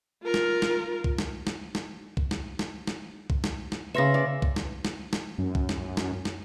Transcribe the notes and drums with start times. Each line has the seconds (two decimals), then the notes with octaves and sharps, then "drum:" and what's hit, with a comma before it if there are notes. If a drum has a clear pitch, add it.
0.23 F4 A#4
0.34 drum: snare
0.62 drum: snare
1.04 drum: kick
1.18 drum: snare
1.47 drum: snare
1.75 drum: snare
2.17 drum: kick
2.31 drum: snare
2.59 drum: snare
2.87 drum: snare
3.30 drum: kick
3.44 drum: snare
3.72 drum: snare
3.95 C#3 B4 E5 C6 A#6
4.14 D5
4.42 drum: kick
4.56 drum: snare
4.85 drum: snare
5.13 drum: snare
5.38 F#2
5.55 drum: kick
5.69 drum: snare
5.97 drum: snare
6.25 drum: snare